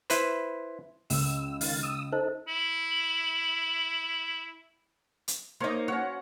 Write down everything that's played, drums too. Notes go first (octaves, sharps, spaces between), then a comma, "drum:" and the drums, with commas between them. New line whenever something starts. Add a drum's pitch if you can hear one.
E4 B4 C5, drum: hi-hat
C#2 E6, drum: open hi-hat
D#3 F5 A6, drum: open hi-hat
D#6 E6
D#4 A4 C5
E4 F#7
drum: hi-hat
A#3 D#4 C5 C#5
C#4 F#4 C#5 F#5